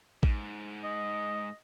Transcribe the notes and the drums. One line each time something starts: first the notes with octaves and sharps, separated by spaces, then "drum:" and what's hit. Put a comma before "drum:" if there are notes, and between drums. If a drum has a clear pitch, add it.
G#2, drum: kick A1
D#5